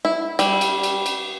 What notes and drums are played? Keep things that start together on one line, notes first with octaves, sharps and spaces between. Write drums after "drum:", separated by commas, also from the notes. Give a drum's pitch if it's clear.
E4
G3, drum: cymbal
drum: cymbal
drum: cymbal
drum: cymbal